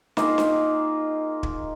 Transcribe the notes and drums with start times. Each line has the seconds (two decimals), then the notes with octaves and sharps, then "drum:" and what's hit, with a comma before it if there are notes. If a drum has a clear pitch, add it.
0.17 A#3 D#4 F4 G#4, drum: snare
0.38 drum: snare
1.43 drum: kick